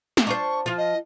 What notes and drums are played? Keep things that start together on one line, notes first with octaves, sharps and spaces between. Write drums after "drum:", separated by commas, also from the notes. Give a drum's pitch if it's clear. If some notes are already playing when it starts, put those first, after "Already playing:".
drum: snare
D4 F4 C5 C#6
F3 F4
D#5